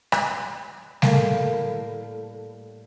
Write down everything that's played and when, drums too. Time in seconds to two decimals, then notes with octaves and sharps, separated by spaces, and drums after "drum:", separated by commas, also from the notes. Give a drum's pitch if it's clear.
0.12 drum: rim click
1.02 A2 G3 A#3 F5, drum: snare G3